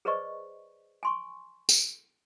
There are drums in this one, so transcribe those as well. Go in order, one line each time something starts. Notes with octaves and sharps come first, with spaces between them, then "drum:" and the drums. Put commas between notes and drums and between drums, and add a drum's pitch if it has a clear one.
G#4 B4 C5 D5 D#5 C#6
G#5 C6 C#6
drum: tambourine